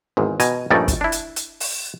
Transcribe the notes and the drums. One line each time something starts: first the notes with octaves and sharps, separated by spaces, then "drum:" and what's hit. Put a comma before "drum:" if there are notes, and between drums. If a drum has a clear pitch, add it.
G#1 E2 G#2
B2 G#5 A#5, drum: hi-hat
A#1 G2 A3 C#4 D#4 D5
drum: kick, hi-hat
D4 E4
drum: hi-hat
drum: hi-hat
drum: open hi-hat